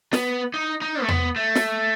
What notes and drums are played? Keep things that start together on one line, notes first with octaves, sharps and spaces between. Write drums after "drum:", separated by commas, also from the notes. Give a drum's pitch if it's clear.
B3, drum: snare
D#4
D#4
A3
B3, drum: tom E2
A3
drum: snare